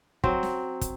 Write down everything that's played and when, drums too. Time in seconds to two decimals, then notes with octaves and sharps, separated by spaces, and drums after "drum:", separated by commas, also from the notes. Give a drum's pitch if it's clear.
0.24 F#3 C4, drum: kick
0.43 drum: snare
0.81 drum: kick, hi-hat